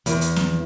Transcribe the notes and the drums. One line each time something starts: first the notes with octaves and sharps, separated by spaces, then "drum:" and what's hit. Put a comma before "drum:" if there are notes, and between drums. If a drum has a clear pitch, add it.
E2, drum: hi-hat
drum: hi-hat
drum: snare